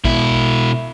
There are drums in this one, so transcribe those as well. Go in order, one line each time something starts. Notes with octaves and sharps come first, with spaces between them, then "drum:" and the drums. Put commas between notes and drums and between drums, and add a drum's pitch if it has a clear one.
B2 E4, drum: kick A#1